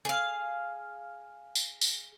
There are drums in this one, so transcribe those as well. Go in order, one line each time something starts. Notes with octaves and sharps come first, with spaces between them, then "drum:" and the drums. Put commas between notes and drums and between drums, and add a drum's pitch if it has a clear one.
G#4 F5
drum: tambourine
drum: tambourine